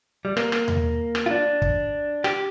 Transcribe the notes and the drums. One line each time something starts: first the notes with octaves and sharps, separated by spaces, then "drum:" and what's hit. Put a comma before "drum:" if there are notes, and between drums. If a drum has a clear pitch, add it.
G3
A#3, drum: rim click
drum: rim click
drum: tom D#2
drum: rim click
F4
D4
drum: kick
G4, drum: rim click